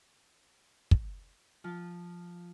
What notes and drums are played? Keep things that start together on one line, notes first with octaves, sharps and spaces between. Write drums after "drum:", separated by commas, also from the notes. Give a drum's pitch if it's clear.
drum: kick
F3 F4